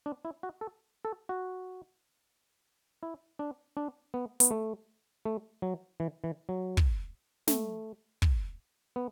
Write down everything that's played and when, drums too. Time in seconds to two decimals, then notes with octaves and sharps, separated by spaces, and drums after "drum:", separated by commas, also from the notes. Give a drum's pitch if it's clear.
0.06 D4
0.25 E4
0.43 F#4
0.61 A4
1.05 A4
1.29 F#4
3.03 E4
3.39 D4
3.77 D4
4.14 B3
4.40 B3, drum: hi-hat
4.51 A3
5.25 A3
5.62 F#3
6.00 E3
6.24 E3
6.49 F#3
6.77 drum: kick
7.47 A3, drum: snare
8.22 drum: kick
8.96 B3